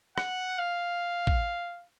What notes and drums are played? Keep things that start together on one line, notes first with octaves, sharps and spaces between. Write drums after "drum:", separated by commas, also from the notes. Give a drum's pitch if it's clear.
F#5, drum: rim click
F5
drum: kick